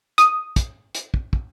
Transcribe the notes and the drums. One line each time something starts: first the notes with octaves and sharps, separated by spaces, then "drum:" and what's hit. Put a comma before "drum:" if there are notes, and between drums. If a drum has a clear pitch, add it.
D#6, drum: hi-hat
drum: kick, hi-hat
drum: hi-hat
drum: kick
drum: kick